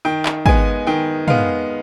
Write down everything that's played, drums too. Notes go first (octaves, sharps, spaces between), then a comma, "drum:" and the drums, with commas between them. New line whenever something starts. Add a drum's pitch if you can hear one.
D#3 G5
drum: clap
G#3 B3 G#5, drum: kick
D#3 G5
G#3 B3 F5, drum: tom